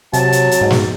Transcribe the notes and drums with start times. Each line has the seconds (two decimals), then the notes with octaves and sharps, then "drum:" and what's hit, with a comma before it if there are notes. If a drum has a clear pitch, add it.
0.13 C3 F#3 A5, drum: hi-hat
0.32 drum: hi-hat
0.51 drum: hi-hat
0.61 G#2
0.70 drum: snare